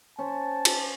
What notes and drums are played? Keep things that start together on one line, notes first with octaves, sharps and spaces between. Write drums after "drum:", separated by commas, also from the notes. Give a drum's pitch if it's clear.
C#4 C5 A5
drum: cymbal